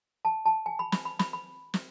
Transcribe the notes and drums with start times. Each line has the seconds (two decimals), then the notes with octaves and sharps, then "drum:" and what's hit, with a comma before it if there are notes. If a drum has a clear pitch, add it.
0.25 A5
0.46 A5
0.66 G#5
0.79 B5
0.92 B5, drum: snare
1.05 B5
1.19 B5, drum: snare
1.33 B5
1.74 drum: snare